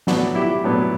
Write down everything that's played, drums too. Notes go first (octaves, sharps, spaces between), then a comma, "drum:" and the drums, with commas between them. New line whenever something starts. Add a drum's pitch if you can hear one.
A2 F#3 B3 D4 F#4, drum: snare
E4 G4
A2 F#3 B3 D4